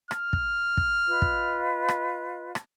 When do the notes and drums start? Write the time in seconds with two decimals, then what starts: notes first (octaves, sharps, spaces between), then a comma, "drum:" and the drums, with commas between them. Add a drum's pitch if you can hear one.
0.11 F6, drum: rim click
0.33 drum: kick
0.77 drum: kick
1.08 F4 B4 D#5
1.22 drum: kick
1.88 drum: rim click
2.55 drum: rim click